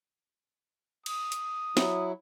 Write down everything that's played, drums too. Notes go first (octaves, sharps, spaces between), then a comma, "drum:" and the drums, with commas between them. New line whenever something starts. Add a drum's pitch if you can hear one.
D#6, drum: cymbal
drum: hi-hat
F#3 E4, drum: snare